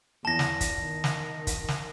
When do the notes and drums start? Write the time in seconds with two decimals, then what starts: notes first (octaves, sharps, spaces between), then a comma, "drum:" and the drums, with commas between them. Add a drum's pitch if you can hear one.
0.25 E2 A5 A#6
0.39 drum: snare
0.61 drum: kick, hi-hat
0.82 D#3
1.04 drum: snare
1.47 drum: kick, hi-hat
1.68 drum: snare